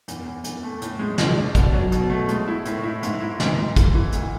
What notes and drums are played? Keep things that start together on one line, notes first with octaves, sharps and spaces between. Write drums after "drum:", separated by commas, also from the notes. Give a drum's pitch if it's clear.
E2, drum: hi-hat
E2
E2, drum: hi-hat
A3
A2, drum: hi-hat
G#3
G#3, drum: snare
D4
B2, drum: kick, hi-hat
F#3
B2, drum: hi-hat
A3
G#3, drum: hi-hat
E4
A2, drum: hi-hat
E4
G#2, drum: hi-hat
E4
G#2, drum: snare
G#2
E3, drum: kick, hi-hat
E3
D2, drum: hi-hat